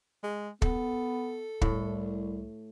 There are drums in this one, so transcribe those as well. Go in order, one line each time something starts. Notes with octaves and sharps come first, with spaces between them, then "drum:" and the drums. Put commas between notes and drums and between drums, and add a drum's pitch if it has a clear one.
G#3
B3 A4, drum: kick
C2 A2, drum: kick